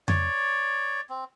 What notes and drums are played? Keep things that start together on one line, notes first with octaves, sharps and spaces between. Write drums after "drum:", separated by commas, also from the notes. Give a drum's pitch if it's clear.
C#5 D5, drum: tom F2
C4